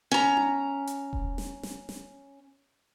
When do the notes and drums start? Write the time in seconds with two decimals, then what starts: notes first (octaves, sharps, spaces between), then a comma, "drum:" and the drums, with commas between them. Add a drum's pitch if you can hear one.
0.11 C#4 A#5
0.37 drum: tom D4
0.87 drum: hi-hat
1.13 drum: kick E1
1.38 drum: snare
1.63 drum: snare
1.89 drum: snare